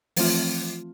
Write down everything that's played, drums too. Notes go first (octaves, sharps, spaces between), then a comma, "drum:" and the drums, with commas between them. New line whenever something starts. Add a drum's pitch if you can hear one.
E3 F3 A3 C4 F4, drum: open hi-hat